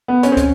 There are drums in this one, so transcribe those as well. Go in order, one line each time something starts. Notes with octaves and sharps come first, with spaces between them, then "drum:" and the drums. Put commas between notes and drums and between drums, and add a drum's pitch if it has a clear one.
B3
C#4, drum: hi-hat
C4
C#4, drum: kick, hi-hat